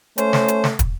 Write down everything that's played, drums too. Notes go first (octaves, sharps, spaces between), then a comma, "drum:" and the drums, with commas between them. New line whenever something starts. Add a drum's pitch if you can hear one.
A3 C#4 C5, drum: hi-hat
drum: snare
drum: hi-hat
drum: snare
drum: kick, hi-hat